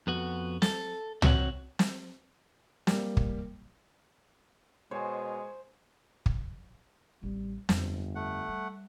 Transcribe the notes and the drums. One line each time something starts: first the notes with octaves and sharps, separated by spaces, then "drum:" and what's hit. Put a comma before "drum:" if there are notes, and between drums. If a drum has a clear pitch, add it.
F2 B3 F#4
A4, drum: snare
C4 F#4 C#5 F#5, drum: tom
drum: snare
G3 A#3, drum: snare
drum: kick
B2 G#3 C5 C#5 G#5
drum: kick
A1 G3 C4
G1 F2, drum: snare
A3 F#5
G3